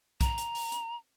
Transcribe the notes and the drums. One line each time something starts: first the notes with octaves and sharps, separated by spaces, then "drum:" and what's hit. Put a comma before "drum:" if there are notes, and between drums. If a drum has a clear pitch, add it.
A#5, drum: kick B1, hi-hat
drum: hi-hat
drum: open hi-hat
drum: hi-hat